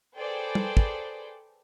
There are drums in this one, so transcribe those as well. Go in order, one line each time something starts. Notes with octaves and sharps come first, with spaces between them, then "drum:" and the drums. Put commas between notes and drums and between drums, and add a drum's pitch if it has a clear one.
G#4 A4 B4 C5 D5 G5
drum: tom
drum: kick